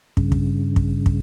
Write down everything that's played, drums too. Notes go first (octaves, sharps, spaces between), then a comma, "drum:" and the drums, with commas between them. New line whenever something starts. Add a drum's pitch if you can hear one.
G2 C#3, drum: kick
drum: kick
drum: kick
drum: kick